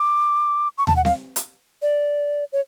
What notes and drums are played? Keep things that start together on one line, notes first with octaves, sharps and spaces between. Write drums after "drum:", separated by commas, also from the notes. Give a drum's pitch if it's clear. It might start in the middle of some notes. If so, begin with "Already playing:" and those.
Already playing: D6
C#6
A5, drum: tom D#2
F#5
F5, drum: snare C4
drum: hi-hat
D5
C#5